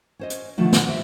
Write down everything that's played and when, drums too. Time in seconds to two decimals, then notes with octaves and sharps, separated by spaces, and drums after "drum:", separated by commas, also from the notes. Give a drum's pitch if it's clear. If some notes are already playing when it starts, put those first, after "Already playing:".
0.19 C#4 C5 D#5
0.30 drum: hi-hat
0.58 B2 D3 D#3 F3 A3 F#4
0.72 drum: snare
0.87 G4 C5 E5